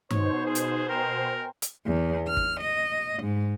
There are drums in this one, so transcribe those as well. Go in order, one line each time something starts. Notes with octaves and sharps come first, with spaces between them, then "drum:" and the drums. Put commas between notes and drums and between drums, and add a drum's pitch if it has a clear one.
B2 D#4 C5 C#5, drum: tom G2
G#4
drum: hi-hat
A#4 G5 G#5 A#5
drum: hi-hat
E2
F6
drum: kick
D#5
G#2